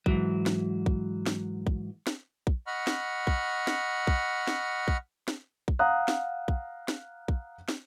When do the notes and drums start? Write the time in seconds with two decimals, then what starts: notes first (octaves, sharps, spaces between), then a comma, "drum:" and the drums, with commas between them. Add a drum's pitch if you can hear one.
0.06 G#2 E3 F#3, drum: kick A#1
0.46 drum: snare
0.86 drum: kick A#1
1.26 drum: snare
1.67 drum: kick A#1
2.07 drum: snare
2.47 drum: kick A#1
2.67 D#5 F#5 B5 C#6 F6
2.87 drum: snare
3.27 drum: kick A#1
3.67 drum: snare
4.07 drum: kick A#1
4.47 drum: snare
4.88 drum: kick A#1
5.28 drum: snare
5.68 drum: kick A#1
5.79 F5 F#5 A#5 D#6 F#6
6.08 drum: snare
6.48 drum: kick A#1
6.88 drum: snare
7.28 drum: kick A#1
7.69 drum: snare